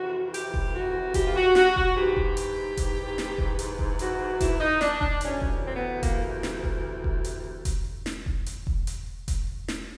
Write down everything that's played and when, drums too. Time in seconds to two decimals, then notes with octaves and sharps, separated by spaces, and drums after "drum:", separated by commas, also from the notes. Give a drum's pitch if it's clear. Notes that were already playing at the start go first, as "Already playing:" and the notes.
Already playing: F2 C3 E3 F#4
0.34 G4, drum: hi-hat
0.54 drum: kick E1
0.75 F#4
1.14 G4, drum: kick E1, hi-hat
1.26 F4
1.36 F#4
1.55 F#4, drum: snare
1.76 F#4, drum: kick E1
1.96 G#2 E3 G4
2.16 drum: kick E1
2.37 drum: hi-hat
2.77 drum: kick E1, hi-hat
3.18 drum: snare
3.38 drum: kick E1
3.59 drum: hi-hat
3.79 drum: kick E1
3.99 F#4, drum: hi-hat
4.41 E4, drum: kick E1, hi-hat
4.60 D#4
4.81 D4, drum: snare
5.01 D4, drum: kick E1
5.21 D2 C3 E3 C#4, drum: hi-hat
5.42 drum: kick E1
5.66 C4
5.76 B3
6.03 A#3, drum: kick E1, hi-hat
6.43 drum: snare
6.64 drum: kick E1
7.04 drum: kick E1
7.25 drum: hi-hat
7.65 drum: kick E1, hi-hat
8.06 drum: snare
8.26 drum: kick E1
8.46 drum: hi-hat
8.67 drum: kick E1
8.87 drum: hi-hat
9.28 drum: kick E1, hi-hat
9.68 drum: snare